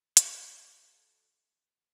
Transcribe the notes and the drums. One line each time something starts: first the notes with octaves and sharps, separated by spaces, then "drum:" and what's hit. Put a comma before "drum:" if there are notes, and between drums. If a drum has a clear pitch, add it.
F#4 A4, drum: hi-hat